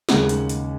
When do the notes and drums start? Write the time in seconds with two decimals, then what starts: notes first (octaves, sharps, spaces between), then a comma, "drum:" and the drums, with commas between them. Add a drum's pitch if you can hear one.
0.09 D#2 C#3 G#3 D#4 F#5, drum: snare
0.29 drum: hi-hat
0.49 drum: hi-hat